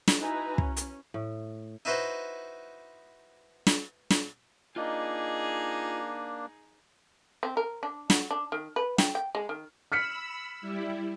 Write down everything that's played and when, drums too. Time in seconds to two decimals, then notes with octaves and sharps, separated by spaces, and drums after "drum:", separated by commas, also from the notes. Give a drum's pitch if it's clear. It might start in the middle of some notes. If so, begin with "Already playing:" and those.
0.08 drum: snare
0.19 D#4 E4 F#4 B4 G#5 A#5
0.58 C#4, drum: kick
0.77 drum: hi-hat
1.14 A2
1.85 D#4 E4 F#4 B4 C5 D#5
3.67 drum: snare
4.10 drum: snare
4.76 A#3 D4 D#4 F4 G#4 D#5
7.43 C4
7.57 A#4
7.83 D4
8.10 F#4, drum: snare
8.31 D4
8.52 D#3
8.76 B4
8.98 G5, drum: snare
9.15 G5
9.35 G#3
9.49 D#3
9.92 B5 E6 F6 B6 C#7
10.61 G3 E4